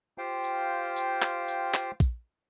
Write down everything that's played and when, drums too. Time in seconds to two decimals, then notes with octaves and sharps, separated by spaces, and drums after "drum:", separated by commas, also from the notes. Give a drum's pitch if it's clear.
0.18 F4 G4 C5 F5 G5
0.44 drum: tambourine
0.96 drum: tambourine
1.22 drum: clap
1.48 drum: tambourine
1.74 drum: clap
2.00 drum: kick, tambourine